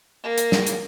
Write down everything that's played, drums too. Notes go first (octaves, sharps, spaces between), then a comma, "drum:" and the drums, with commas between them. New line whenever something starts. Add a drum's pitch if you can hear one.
A#3
drum: hi-hat
drum: snare
drum: hi-hat